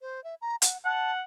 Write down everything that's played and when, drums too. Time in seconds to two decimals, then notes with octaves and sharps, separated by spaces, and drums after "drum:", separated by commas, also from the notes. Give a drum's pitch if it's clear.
0.02 C5
0.24 E5
0.42 A#5
0.62 F#5, drum: hi-hat
0.85 F#5 A5